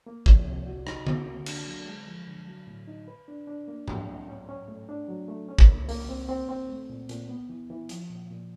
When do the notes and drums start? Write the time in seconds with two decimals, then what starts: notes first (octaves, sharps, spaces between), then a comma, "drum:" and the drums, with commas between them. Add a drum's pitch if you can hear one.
0.07 A#3
0.26 F3, drum: kick
0.46 C3
0.67 F#4
0.87 D#4, drum: rim click
1.07 F#4, drum: tom D3
1.26 A#3
1.46 D4, drum: cymbal
1.67 F#3
1.86 G#3
2.08 F3
2.27 D3
2.47 F#3
2.67 A2
2.87 D#4
3.08 B4
3.28 D4
3.47 D4
3.68 A#3
3.88 F#3, drum: tom G#2
4.08 A2
4.28 C#4
4.49 C#4
4.68 A3
4.89 D4
5.08 F#3
5.28 A3
5.49 C#4
5.59 drum: kick
5.69 A#3
5.89 A#3, drum: open hi-hat
6.09 C4
6.29 C4
6.49 C4
6.69 A3
6.90 A#2
7.09 A#2, drum: hi-hat
7.29 B3
7.49 E3
7.70 E3
7.89 F3, drum: hi-hat
8.10 A#2
8.30 A#2